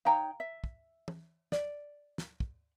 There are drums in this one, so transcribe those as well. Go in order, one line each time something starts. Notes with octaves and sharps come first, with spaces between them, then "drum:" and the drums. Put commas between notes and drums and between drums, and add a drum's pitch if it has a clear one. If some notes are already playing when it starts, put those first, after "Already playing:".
D#4 C#5 F5 G5 A#5
E5
drum: kick
drum: tom
D5, drum: snare
drum: snare
drum: kick